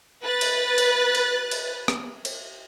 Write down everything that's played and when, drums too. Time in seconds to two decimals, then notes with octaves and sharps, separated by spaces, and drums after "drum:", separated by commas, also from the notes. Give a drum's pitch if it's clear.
0.23 B4 F#6 A6
0.41 drum: cymbal
0.78 drum: cymbal
1.15 drum: cymbal
1.51 drum: cymbal
1.88 drum: rim click
2.25 drum: cymbal